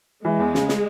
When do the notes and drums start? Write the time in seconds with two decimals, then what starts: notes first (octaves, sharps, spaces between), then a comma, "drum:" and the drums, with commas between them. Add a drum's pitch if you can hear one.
0.25 E3 G#3
0.39 E2
0.55 C#3, drum: snare
0.69 drum: snare